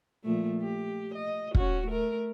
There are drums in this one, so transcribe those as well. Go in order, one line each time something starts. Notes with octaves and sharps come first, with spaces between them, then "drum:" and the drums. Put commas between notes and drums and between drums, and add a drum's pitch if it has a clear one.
A#2 F3 A3
G4
D#5
C#4 F#4, drum: kick
A3 A#4